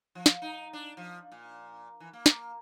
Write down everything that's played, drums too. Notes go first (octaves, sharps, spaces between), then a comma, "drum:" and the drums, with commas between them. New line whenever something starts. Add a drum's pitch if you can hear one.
F3
drum: snare
D#4
D4
F3
A#2
E3
A#3
drum: snare